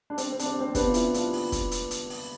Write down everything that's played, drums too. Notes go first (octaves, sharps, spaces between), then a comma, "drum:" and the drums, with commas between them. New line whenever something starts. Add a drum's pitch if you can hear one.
D4
C4, drum: hi-hat
C4
D4, drum: hi-hat
C4
C4
B3 D4, drum: kick, hi-hat
F4
C4 E4, drum: hi-hat
D4 F4, drum: hi-hat
drum: open hi-hat
drum: kick, hi-hat
drum: hi-hat
drum: hi-hat
drum: open hi-hat